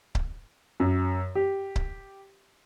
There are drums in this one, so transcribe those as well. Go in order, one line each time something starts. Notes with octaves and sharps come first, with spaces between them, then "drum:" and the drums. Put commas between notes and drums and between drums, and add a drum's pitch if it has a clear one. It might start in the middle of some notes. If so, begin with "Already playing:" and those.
drum: kick C#1
F#2
G4
drum: kick C#1